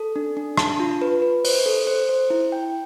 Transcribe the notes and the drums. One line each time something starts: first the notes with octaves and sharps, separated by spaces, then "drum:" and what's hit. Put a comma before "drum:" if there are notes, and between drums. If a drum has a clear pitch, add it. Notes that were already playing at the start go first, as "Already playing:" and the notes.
Already playing: A4
D4
D4
A5, drum: rim click
F4
B4
B4
C5, drum: open hi-hat
A4
C5
C5
E4
G5